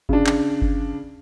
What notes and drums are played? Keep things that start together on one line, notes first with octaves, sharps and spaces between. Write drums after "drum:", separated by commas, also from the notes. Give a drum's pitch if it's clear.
C#3 D4, drum: kick G1
drum: clap
drum: kick G1